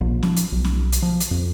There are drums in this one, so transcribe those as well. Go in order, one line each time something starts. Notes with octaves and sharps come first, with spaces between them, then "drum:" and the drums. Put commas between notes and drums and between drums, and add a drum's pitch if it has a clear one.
A#1
F3, drum: snare C#4
drum: hi-hat
B1
drum: snare C#4
drum: hi-hat
F3
drum: hi-hat
F2